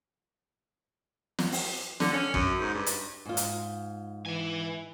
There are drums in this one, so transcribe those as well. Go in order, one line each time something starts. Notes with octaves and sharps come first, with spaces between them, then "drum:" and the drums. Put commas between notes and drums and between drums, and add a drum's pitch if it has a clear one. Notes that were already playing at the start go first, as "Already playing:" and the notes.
drum: snare
drum: open hi-hat
D3, drum: snare
C#4
F#2, drum: kick
G#2
G2
drum: hi-hat
G#2 F4
drum: hi-hat
E3 E5 G#5